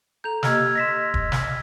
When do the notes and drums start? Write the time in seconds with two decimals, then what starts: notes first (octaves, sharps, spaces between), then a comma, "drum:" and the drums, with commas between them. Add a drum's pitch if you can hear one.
0.24 A4 A#5 G6 F7
0.43 A#3 G4 D#5 E6 F6 G#6, drum: snare
0.75 D#5 C6 A#6 B6 E7
1.14 drum: kick D#1
1.32 drum: snare